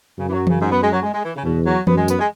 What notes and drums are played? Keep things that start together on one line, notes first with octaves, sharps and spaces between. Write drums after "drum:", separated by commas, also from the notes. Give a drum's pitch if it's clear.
F#2 C#3
E3
F#3
C#3, drum: tom E3
G#2
B3
G#3
F#3
G#3
G#3
E3
C#3
E2 B2
F#3
F#2 B3, drum: tom E3
G#3
B3, drum: tambourine
G#3